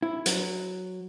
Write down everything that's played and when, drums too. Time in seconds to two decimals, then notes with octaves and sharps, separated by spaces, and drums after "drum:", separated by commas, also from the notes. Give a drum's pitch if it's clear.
0.02 E4
0.26 F#3, drum: hi-hat